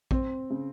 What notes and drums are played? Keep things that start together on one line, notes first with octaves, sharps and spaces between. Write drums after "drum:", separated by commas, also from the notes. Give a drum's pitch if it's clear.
C4, drum: kick A#1
C#3